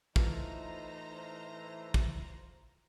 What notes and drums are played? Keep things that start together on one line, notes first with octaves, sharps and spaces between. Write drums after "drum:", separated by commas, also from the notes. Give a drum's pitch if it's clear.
A2 E3 D#4 F4 C5 A#5, drum: kick
drum: kick